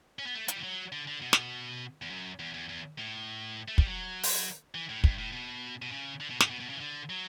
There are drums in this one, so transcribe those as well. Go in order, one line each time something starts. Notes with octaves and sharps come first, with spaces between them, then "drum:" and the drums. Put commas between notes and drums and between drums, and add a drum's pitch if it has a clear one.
C#4
B3
A3
G3, drum: hi-hat
E3
F#3
D3
D3
B2
drum: snare
E2
F#2
E2
E2
E2
A2
A3
G3, drum: kick
F#3
drum: open hi-hat
E3
A2
G2, drum: kick
A2
B2
B2
C#3
D3
B2
A2, drum: snare
C#3
B2
B2
C#3
E3
D3
F#3